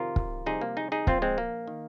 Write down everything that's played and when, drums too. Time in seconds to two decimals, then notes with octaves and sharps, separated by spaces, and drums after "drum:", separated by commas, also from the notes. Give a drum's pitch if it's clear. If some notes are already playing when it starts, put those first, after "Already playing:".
Already playing: F2 C3 D#3 F4 A#4
0.16 drum: kick
0.46 C2 C3 F3 D#4 G#4
0.61 A#3
0.77 D#4 G#4
0.92 D#4 G#4
1.07 A#1 A#2 F3 C4 F4, drum: kick
1.22 G#3 C4
1.38 A#3
1.68 D#3